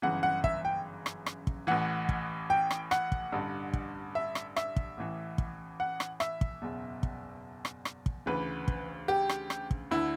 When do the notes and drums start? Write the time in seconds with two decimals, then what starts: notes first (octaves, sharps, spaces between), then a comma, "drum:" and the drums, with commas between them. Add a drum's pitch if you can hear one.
0.02 G1 F#2 C#3 E3 F#5
0.23 F#5
0.44 E5, drum: kick
0.65 G5
1.06 drum: rim click
1.26 drum: rim click
1.47 drum: kick
1.67 A1 A2 E3 F#5
2.09 drum: kick
2.50 G5
2.71 drum: rim click
2.91 F#5, drum: rim click
3.12 drum: kick
3.32 A1 G2 D3
3.73 drum: kick
4.15 E5
4.35 drum: rim click
4.56 E5, drum: rim click
4.76 drum: kick
4.97 A1 A2 E3
5.38 drum: kick
5.80 F#5
6.00 drum: rim click
6.20 E5, drum: rim click
6.41 drum: kick
6.62 F#1 E2 B2
7.03 drum: kick
7.65 drum: rim click
7.85 drum: rim click
8.06 drum: kick
8.26 D2 C#3 E3 B4
8.68 drum: kick
9.08 G4
9.29 drum: rim click
9.50 drum: rim click
9.71 drum: kick
9.91 D2 D3 E4